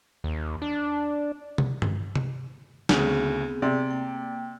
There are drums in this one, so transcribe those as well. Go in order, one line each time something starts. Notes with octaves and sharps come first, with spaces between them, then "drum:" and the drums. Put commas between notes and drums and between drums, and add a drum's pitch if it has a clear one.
D#2
D4
drum: tom C3
drum: tom G2
drum: tom C3
D2 C#3 B3 C4 G#4, drum: snare
C3 D5
A#3 G5